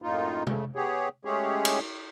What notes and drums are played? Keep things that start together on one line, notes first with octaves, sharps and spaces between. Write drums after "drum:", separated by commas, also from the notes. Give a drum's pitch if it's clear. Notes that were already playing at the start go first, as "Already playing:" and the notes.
F#2 A2 A#3 D#4 F4
C#3 A3, drum: tom
B3 G4 G#4 C#5
G#3 A3 C#4 G4 G#4 C#5
drum: cymbal